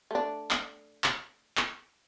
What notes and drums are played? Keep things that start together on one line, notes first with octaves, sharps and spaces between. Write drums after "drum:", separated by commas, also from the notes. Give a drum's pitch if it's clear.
A3 D4
drum: clap
drum: clap
drum: clap